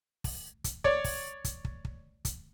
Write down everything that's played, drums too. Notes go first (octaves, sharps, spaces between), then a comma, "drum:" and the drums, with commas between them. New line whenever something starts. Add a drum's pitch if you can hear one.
drum: kick, open hi-hat
drum: kick, hi-hat
C#5 D5, drum: kick
drum: kick, open hi-hat
drum: kick, hi-hat
drum: kick
drum: kick
drum: kick, hi-hat